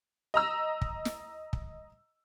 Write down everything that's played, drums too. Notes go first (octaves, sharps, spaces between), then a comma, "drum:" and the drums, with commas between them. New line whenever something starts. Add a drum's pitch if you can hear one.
D#5 A#5 E6
drum: kick
drum: snare
drum: kick